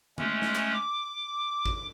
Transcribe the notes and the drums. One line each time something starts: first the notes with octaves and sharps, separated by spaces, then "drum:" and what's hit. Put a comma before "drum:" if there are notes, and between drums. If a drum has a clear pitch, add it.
G#3 A3 C#4, drum: tom D3
drum: snare
drum: clap
D6
drum: kick G#1